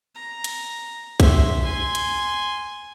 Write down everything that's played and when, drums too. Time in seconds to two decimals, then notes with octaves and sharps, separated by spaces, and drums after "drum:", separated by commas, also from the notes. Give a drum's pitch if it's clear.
0.15 A#5
0.44 drum: hi-hat
1.20 E5 C6, drum: kick B1, hi-hat
1.62 G#5 C6
1.95 drum: hi-hat